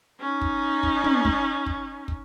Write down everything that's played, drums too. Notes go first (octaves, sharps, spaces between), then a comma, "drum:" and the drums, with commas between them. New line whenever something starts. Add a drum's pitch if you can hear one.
C#4 D#4
drum: kick
drum: kick
drum: tom
drum: kick
drum: kick
drum: kick